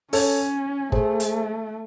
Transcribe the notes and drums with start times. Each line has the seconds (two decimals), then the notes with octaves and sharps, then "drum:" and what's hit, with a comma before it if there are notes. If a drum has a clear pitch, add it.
0.13 C#4 A4 C#5, drum: open hi-hat
0.92 A3 G#4 C5, drum: kick
1.20 drum: hi-hat